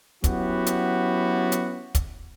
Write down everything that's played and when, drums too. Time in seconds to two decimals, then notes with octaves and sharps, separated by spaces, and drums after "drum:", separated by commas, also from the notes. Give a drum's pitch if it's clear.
0.24 F#3 B3 C#4 E4 F#4 G4, drum: kick, hi-hat
0.66 drum: hi-hat
1.52 drum: hi-hat
1.95 drum: kick, hi-hat